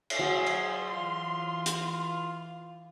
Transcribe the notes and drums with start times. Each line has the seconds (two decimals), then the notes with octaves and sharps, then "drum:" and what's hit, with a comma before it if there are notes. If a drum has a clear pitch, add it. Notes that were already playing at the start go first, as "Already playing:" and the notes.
0.10 drum: cymbal
0.19 F#3 G#4 C6
0.46 drum: cymbal
0.92 E3 F4
1.66 drum: hi-hat